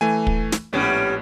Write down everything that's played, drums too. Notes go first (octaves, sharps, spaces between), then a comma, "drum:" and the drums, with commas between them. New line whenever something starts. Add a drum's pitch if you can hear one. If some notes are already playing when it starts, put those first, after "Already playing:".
E3 A3 G#5
drum: kick
drum: snare
A#1 A2 G3 B3 C#4